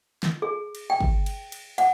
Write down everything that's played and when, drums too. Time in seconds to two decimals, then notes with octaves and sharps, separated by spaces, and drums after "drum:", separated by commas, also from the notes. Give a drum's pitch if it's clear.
0.23 drum: snare
0.42 G#4
0.75 drum: cymbal
0.90 G5
1.01 drum: kick
1.26 drum: cymbal
1.52 drum: cymbal
1.78 F#5, drum: cymbal